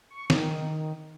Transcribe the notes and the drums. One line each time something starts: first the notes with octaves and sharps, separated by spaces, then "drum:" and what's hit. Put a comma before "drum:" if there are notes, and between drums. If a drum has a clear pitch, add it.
C#6
D#3, drum: snare